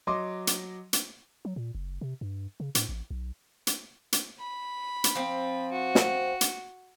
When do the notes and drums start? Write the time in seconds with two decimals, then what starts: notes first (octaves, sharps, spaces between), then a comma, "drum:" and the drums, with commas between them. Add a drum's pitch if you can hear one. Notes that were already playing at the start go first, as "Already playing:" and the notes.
0.07 F#3 D#5 C6 D6
0.47 drum: hi-hat
0.93 drum: hi-hat
1.45 F#3
1.56 A#2
1.75 F#1
2.01 C3
2.21 G2
2.60 C#3
2.75 A2, drum: hi-hat
2.89 A1
3.11 B1
3.67 drum: hi-hat
4.13 drum: hi-hat
4.39 B5
5.04 drum: hi-hat
5.15 F3 C4
5.72 F#4
5.95 drum: snare
6.41 drum: hi-hat